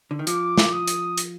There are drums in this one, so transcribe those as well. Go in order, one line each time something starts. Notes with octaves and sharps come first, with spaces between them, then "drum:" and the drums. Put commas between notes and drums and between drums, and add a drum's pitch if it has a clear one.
D3
D#3
F3 D6, drum: hi-hat
drum: snare
D#6
drum: hi-hat
drum: hi-hat